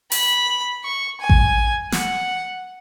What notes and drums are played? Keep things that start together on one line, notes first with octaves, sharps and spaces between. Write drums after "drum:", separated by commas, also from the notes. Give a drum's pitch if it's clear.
B5, drum: open hi-hat
C#6
G#5
drum: kick A1
F#5, drum: snare